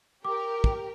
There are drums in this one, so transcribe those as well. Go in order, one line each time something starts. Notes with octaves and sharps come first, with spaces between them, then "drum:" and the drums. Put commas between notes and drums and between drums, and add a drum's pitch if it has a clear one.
G4 A#4 D6
drum: kick